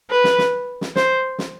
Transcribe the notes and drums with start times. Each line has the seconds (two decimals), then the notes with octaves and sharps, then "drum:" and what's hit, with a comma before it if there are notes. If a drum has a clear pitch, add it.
0.10 B4
0.24 drum: snare
0.38 drum: snare
0.81 drum: snare
0.96 C5, drum: snare
1.39 drum: snare